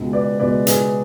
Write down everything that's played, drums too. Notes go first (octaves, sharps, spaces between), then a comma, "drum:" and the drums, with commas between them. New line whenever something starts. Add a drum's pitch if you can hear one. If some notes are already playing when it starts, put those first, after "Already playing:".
Already playing: C#2 B2 G#3 D4
B4 D5
C#2 B2 G#3 D4 B4 D5
G#4 B4, drum: hi-hat